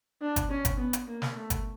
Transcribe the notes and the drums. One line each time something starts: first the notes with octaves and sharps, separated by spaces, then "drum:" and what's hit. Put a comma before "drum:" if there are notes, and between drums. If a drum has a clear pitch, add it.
D4
drum: kick G1, hi-hat
C#4
drum: kick G1, hi-hat
B3
drum: hi-hat
A#3
drum: snare
A3
drum: kick G1, hi-hat